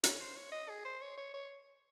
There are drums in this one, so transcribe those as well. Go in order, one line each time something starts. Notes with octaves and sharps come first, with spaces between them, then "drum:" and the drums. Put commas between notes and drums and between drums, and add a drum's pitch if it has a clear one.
C#5, drum: hi-hat
C5
C#5
D#5
G#4
C5
C#5
C#5
C#5